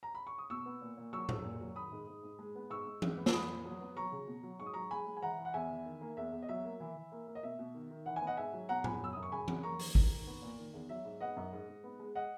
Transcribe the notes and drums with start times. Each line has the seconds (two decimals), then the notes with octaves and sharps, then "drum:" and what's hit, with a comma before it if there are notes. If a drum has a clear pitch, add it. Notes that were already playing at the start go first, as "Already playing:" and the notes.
0.03 A#5
0.15 B5
0.27 C#6
0.38 D#6
0.50 B2 C#6 E6
0.66 B3
0.81 A#2
0.97 A#2
1.13 F#3 C#6 E6
1.29 F#3, drum: tom A2
1.44 A#2
1.60 F#3
1.76 D#3 B5 D#6
1.92 G#2
2.08 G#2
2.23 G#2
2.39 G#3
2.55 B3
2.70 G#2 C#6 E6
2.86 G#2
3.02 G#2, drum: tom E3
3.18 B3
3.26 E6, drum: snare
3.33 A#2 B5 D#6
3.49 A#2
3.65 F#3
3.80 B3
3.96 F#3 A#5 C#6
4.12 C#3
4.28 B2
4.43 F#3
4.60 G#2 C#6
4.66 D#6
4.74 F#3 A#5 C#6
4.91 G#3 G#5 B5
5.07 G#3
5.17 G#5
5.22 E3 F#5 A#5
5.38 E3
5.45 F#5
5.54 E2 E5 G#5
5.70 E3
5.85 D#3
6.01 A#3
6.17 E2 E5
6.32 E2
6.42 D#5
6.49 F#3 E5
6.64 A#3
6.80 E3
6.96 E3
7.12 A#3
7.27 A#3
7.35 D#5
7.43 B2 E5
7.59 B2
7.74 D#3
7.90 D#3
8.06 E3 F#5
8.16 G#5
8.22 B3
8.27 D#5 F#5
8.37 G#2 E5 G#5
8.53 F#3
8.69 B2 F#5 A#5
8.84 B2 G#5 B5, drum: tom A2
9.00 F#3 E6
9.13 F#2 D#6
9.23 C#6
9.32 C#3 G#5 B5
9.48 F#3, drum: tom E3
9.63 A#3 A#5 C#6
9.79 D#3, drum: open hi-hat
9.95 D#3, drum: kick
10.11 D#3
10.27 B3
10.42 A#2
10.58 D#3
10.74 E2
10.89 F#3 E5
11.05 G#2
11.21 B3 D#5 F#5
11.37 F#2
11.52 G#2
11.68 G#2
11.84 B3
12.00 G#3
12.15 D#5 F#5